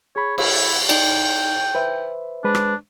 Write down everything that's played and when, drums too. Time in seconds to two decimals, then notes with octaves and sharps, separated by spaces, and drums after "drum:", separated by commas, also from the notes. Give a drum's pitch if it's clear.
0.16 G#4 C#5 B5
0.38 E4, drum: cymbal
0.89 D#4 D5 G5, drum: cymbal
1.75 B4 C5 E5
2.44 G#3 D4 B4 C5
2.55 drum: rim click